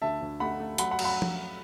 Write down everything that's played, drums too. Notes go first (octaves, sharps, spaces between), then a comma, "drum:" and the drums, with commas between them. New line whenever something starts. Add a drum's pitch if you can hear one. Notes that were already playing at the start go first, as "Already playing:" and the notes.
D2 E5 A5
D2
A3 F#5 B5
A3
F#3 F#5 B5, drum: hi-hat
F#5 B5
F#3, drum: cymbal
F#5 B5
drum: tom F3